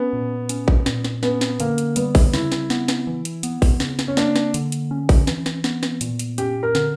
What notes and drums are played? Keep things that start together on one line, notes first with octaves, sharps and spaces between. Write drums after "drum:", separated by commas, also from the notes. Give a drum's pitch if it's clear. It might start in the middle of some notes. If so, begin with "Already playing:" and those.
Already playing: B3 C#4
A#2
C#4, drum: hi-hat
drum: kick A1
A#2, drum: snare
drum: snare
B3 C#4, drum: snare
drum: snare
D3 A#3, drum: hi-hat
drum: hi-hat
G3 B3, drum: hi-hat
drum: kick A1, open hi-hat
C#3 E4, drum: snare
drum: snare
B3, drum: snare
drum: snare
E3
drum: hi-hat
B3, drum: hi-hat
drum: kick A1, open hi-hat
C#3, drum: snare
drum: snare
C#4
A#3 D4, drum: snare
drum: snare
D3, drum: hi-hat
drum: hi-hat
C#4
drum: kick A1, open hi-hat
E3, drum: snare
drum: snare
B3, drum: snare
drum: snare
A#2, drum: hi-hat
drum: hi-hat
C#4 G4, drum: hi-hat
A#4
D3, drum: snare